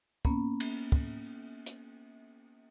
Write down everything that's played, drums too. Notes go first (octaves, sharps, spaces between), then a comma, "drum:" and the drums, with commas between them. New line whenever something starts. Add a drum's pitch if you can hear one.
A#3 B3 C#4, drum: kick
drum: cymbal
drum: kick
drum: hi-hat